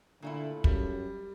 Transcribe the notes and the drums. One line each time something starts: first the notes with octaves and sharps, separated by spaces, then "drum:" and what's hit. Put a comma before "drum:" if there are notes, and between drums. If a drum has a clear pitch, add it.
A#2 D3 A3 E4
F#2 G3, drum: kick